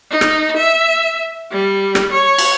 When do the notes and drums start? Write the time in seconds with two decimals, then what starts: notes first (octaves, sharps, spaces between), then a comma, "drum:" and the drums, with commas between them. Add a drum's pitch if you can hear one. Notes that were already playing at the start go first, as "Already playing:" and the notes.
0.10 D#4
0.21 drum: rim click
0.57 E5
1.52 G3
1.95 drum: rim click
2.12 C#5
2.38 drum: cymbal